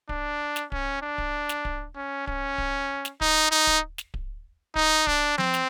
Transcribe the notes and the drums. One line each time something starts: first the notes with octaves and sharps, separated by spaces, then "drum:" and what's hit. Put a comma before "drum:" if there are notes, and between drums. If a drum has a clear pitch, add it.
D4, drum: kick D1
drum: snare
C#4, drum: kick D1
D4
drum: kick D1
drum: snare
drum: kick D1
C#4
C#4, drum: kick D1
drum: kick D1
drum: snare
D#4, drum: kick D1
D#4
drum: kick D1
drum: snare
drum: kick D1
D#4, drum: kick D1
D4, drum: kick D1
C4, drum: tom F3
drum: snare